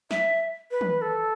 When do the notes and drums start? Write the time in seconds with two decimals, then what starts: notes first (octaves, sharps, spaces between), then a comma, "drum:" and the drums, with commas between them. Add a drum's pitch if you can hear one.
0.11 E5, drum: snare
0.71 B4
0.81 drum: tom
1.02 A4